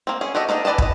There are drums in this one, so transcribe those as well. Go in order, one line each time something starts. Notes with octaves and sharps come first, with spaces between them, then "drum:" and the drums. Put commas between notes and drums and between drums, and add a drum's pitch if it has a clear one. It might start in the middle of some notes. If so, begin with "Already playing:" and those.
A#3 C4
C#4 G#4
F#4 G4 A4 D#5
A#3 D4 D#4 D#5
E3 B4 D5 D#5 A5
B4 D#5, drum: kick